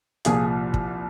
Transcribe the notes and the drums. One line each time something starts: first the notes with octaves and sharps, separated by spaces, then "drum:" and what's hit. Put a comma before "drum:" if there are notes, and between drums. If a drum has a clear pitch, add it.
C2 A#2 F3 F4 G#4, drum: hi-hat
drum: kick